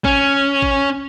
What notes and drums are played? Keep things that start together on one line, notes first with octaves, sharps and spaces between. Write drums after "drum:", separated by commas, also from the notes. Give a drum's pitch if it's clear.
C#4, drum: kick
drum: kick